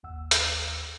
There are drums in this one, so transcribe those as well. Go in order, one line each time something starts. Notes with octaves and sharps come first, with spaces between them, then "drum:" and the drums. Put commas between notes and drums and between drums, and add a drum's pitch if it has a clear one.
G1 D#2 F#5 E6
drum: hi-hat